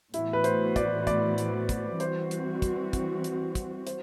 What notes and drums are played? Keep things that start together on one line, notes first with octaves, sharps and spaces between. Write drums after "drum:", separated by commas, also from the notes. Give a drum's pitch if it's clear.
A2 E3 B3 E4 F#4, drum: hi-hat
B4
C5, drum: hi-hat
D5, drum: kick, hi-hat
D5, drum: kick, hi-hat
drum: hi-hat
drum: kick, hi-hat
E3 G3 C4 F#4 C5, drum: hi-hat
drum: hi-hat
drum: kick, hi-hat
drum: kick, hi-hat
drum: hi-hat
drum: kick, hi-hat
C5, drum: hi-hat